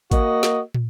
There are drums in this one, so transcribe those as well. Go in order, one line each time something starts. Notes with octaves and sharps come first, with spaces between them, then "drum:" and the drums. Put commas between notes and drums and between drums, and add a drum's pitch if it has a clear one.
A#3 F#4 D#5, drum: kick, hi-hat
drum: snare
drum: tom